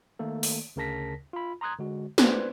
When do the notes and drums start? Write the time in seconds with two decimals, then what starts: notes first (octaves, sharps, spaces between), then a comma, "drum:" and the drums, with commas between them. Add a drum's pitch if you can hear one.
0.19 D#3 A3 A#3 A4
0.43 drum: open hi-hat
0.76 D2 C#3 A#4 A5 A#6 B6
1.33 F4 B5
1.61 A#5 C6 D#6 F#6 G#6
1.79 D3 G#3 F#4
2.18 B4 C5 D5 C6 F#6 G#6, drum: snare